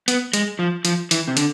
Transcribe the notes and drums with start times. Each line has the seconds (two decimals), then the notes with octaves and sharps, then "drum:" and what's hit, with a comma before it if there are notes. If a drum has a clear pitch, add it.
0.08 B3, drum: hi-hat
0.33 G#3, drum: hi-hat
0.59 F3
0.85 F3, drum: hi-hat
1.11 E3, drum: hi-hat
1.28 C3
1.37 D3, drum: hi-hat